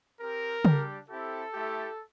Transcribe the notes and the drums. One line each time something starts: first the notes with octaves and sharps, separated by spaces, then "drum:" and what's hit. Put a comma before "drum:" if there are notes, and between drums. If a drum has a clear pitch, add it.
C4 G4 A#4
G3 D4 G4, drum: tom C#3
C4 E4 G4 A4
A3 E4 G4